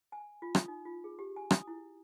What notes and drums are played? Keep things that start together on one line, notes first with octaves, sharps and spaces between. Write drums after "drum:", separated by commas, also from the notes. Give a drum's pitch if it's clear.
G#5
F4
D#6, drum: rim click
D#4
F4
G#4
G4
G#5
D#6, drum: rim click
E4